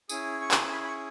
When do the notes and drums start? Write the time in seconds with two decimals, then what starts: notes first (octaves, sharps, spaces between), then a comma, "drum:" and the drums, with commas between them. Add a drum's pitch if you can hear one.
0.09 C#4 E4 G#4 D#6, drum: tambourine
0.41 C#6
0.51 drum: clap
0.72 B5
0.84 B5
0.88 C#6